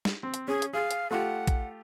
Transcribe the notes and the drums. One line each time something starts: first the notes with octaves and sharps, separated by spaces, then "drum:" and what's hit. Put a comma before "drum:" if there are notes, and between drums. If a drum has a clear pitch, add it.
drum: snare
C4
drum: hi-hat
C#4 G#4
drum: hi-hat
G#4 F5
drum: hi-hat
A3 F4 G4 F#5
drum: kick, hi-hat